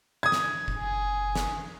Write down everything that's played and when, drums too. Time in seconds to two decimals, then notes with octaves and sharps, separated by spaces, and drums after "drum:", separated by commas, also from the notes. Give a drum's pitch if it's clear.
0.23 D#6 G#6
0.32 drum: snare
0.68 drum: kick F#1
0.77 F#1 G#4
1.35 drum: snare